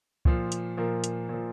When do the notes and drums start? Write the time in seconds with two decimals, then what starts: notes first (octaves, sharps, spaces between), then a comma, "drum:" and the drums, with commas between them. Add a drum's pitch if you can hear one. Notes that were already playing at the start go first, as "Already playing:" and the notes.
0.25 A#2 F3, drum: kick
0.52 drum: hi-hat
0.77 A#2 F3 A#4
1.04 drum: hi-hat
1.29 A#2 F3